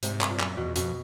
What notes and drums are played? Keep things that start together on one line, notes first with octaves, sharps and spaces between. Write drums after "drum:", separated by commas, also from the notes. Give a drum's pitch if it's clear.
G#2 C3, drum: hi-hat
G2, drum: clap
A#2
F#2, drum: clap
E2 B2
F2 B2, drum: hi-hat